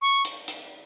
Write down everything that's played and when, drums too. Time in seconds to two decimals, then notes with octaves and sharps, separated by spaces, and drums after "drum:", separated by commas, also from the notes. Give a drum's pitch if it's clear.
0.02 C#6
0.25 drum: hi-hat
0.48 drum: hi-hat